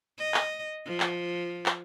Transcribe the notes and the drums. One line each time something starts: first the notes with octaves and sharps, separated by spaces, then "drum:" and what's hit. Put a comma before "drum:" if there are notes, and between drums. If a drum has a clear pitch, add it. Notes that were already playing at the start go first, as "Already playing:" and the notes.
D#5
drum: clap
F3
drum: clap
drum: clap